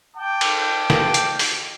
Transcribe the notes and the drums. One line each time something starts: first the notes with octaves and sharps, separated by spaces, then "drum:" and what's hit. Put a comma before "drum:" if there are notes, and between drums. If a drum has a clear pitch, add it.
G5 A5 D6
drum: cymbal
drum: snare
drum: hi-hat
drum: open hi-hat